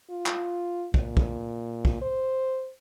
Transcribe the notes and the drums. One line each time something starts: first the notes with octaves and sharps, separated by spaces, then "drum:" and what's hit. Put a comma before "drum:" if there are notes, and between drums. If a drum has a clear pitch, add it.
F4
drum: clap
A#2, drum: kick
drum: kick
drum: kick
C5